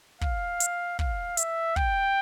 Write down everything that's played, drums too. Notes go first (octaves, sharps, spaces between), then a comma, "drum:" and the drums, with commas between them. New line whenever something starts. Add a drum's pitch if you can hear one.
F5, drum: kick
drum: hi-hat
F5, drum: kick
E5, drum: hi-hat
G5, drum: kick